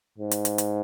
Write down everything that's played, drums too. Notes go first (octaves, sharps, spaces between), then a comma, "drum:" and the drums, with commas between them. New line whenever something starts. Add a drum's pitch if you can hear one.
G#2
drum: hi-hat
drum: hi-hat
drum: hi-hat